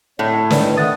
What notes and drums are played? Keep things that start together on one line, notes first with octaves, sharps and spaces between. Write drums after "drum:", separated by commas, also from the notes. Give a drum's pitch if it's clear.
A2 D3 C4 C#5
D#3 E4 B4 D5, drum: snare
A3 F#5 D#6 A6